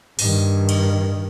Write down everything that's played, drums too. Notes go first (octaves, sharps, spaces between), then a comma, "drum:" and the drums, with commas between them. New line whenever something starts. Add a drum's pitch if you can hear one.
G2 D#3, drum: open hi-hat
drum: cymbal